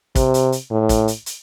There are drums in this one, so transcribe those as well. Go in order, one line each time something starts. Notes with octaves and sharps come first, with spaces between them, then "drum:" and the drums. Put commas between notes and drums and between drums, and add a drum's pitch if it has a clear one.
C3, drum: kick, hi-hat
drum: hi-hat
drum: hi-hat
A2
drum: kick, hi-hat
drum: hi-hat
drum: hi-hat